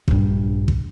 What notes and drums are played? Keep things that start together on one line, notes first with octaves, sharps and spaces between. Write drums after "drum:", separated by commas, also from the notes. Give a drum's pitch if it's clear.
A#1 G2, drum: kick
drum: kick